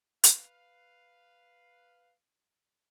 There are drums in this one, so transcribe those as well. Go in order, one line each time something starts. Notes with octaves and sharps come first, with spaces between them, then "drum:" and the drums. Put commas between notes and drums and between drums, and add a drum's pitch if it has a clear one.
B4 F5, drum: hi-hat